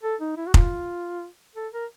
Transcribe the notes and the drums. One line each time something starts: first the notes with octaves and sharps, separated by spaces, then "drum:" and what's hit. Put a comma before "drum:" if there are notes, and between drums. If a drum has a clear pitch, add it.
A4
D#4
E4
F#4
F4, drum: kick F1
A4
A#4